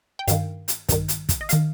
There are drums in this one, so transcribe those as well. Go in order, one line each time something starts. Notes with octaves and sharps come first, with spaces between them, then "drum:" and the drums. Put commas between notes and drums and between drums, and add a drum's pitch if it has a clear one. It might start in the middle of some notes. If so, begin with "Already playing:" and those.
G5
G2 D#3 F5, drum: hi-hat
drum: hi-hat
G2 D#3, drum: kick, hi-hat
drum: hi-hat
drum: kick, hi-hat
D#5
D#3 F5, drum: hi-hat